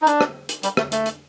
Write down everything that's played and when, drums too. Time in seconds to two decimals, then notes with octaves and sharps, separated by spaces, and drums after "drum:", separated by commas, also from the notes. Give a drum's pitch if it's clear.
0.02 D#4
0.07 D4, drum: hi-hat
0.21 drum: rim click
0.49 drum: hi-hat
0.63 G3, drum: hi-hat
0.77 A3, drum: rim click
0.92 A3, drum: hi-hat
1.06 drum: hi-hat